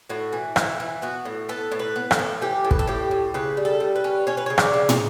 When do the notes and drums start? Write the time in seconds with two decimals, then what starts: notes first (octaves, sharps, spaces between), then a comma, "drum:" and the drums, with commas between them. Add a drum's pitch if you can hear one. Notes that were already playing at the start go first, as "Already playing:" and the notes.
0.09 A2 F#4
0.33 E3
0.56 E3 E4, drum: rim click
0.80 E3
1.02 B3 F#4
1.25 A2
1.49 B3 A4
1.72 A2
1.79 B4
1.96 B3
2.11 A4, drum: rim click
2.19 A2
2.42 E3 G4
2.64 A2
2.71 B4, drum: kick
2.79 A4
2.87 A2 G4
3.11 A2
3.34 C#3 B4
3.57 G3
3.65 A4
3.80 G3
3.96 B4
4.04 C#4
4.27 C#4 C#5
4.37 B4
4.46 C#5
4.50 C#3
4.58 D5, drum: rim click
4.74 C#3
4.89 drum: tom